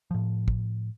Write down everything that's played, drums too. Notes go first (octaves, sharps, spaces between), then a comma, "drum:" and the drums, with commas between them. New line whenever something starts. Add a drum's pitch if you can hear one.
A2 F3
drum: kick